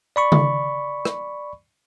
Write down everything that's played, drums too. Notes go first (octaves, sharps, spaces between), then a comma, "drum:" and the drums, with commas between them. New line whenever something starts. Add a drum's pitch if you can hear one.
D5 B5 C#6
drum: tom C#3
drum: rim click